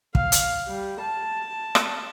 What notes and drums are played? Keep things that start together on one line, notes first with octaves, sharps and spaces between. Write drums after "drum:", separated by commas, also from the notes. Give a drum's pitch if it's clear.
F5, drum: kick
drum: hi-hat
G3
A5
drum: rim click